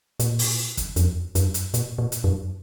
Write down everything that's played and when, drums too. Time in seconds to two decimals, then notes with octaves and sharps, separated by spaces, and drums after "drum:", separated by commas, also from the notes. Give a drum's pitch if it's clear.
0.20 A#2, drum: hi-hat
0.39 drum: open hi-hat
0.77 drum: kick, hi-hat
0.96 F2, drum: hi-hat
1.35 F#2, drum: hi-hat
1.54 drum: hi-hat
1.74 A#2, drum: hi-hat
1.98 A#2
2.12 drum: hi-hat
2.24 F#2